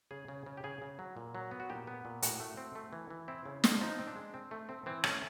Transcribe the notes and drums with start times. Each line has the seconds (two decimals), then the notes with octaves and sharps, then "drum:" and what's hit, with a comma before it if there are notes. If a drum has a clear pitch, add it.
0.11 C#3 G#4
0.28 C#3
0.46 C#3
0.57 G4
0.64 C#3 G#4
0.82 C#3
0.99 F#3
1.17 A#2
1.35 F#3
1.51 B3
1.60 F#4
1.69 A#2 G4
1.87 B3
2.05 A#2
2.22 A2 F#4, drum: hi-hat
2.40 A3
2.57 C4
2.75 A3
2.93 E3
3.10 E3
3.28 C4 E4
3.46 C#3
3.64 F3, drum: snare
3.74 D4
3.81 F3 D#4
3.98 C4
4.07 D4
4.16 G#3
4.34 C4
4.51 A3
4.69 C4
4.86 E3 C4
5.04 A3 C#4, drum: rim click